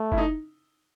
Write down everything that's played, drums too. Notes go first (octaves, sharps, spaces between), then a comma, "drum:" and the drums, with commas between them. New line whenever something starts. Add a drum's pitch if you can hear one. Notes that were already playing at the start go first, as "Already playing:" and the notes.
Already playing: A3
E4, drum: kick F#1
D#4